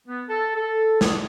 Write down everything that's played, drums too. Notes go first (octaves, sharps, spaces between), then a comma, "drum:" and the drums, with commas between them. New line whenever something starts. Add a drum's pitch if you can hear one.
B3
A4
A4
G#4, drum: snare